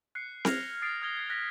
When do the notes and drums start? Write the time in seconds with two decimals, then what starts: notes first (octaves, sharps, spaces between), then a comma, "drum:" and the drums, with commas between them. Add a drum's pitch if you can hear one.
0.15 F#6 C7 C#7
0.45 F6 F#6 G#6 A#6 F7, drum: snare C4
0.82 D#6 A6 C7 D7
1.02 D#6 F6 G#6 A#6 G7
1.17 G#6 C7
1.30 F#6 A#6 B6